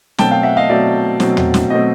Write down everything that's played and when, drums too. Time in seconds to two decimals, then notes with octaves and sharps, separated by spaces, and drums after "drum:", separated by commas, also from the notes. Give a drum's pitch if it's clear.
0.18 B2 F#3 A3 C4 G5 A5, drum: snare
0.31 F5 G5
0.43 E5 F#5
0.57 D#5 F5
0.69 B2 F#3 A3 C4 D5 E5
1.20 B2 F#3 A3 C4, drum: snare
1.37 drum: tom
1.54 drum: snare
1.70 B2 F#3 A3 C4 D#5